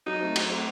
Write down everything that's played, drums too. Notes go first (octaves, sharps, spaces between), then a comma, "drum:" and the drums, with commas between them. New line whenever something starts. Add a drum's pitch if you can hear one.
F#3 D#4
A3 C4
F#3, drum: cymbal
A3 C4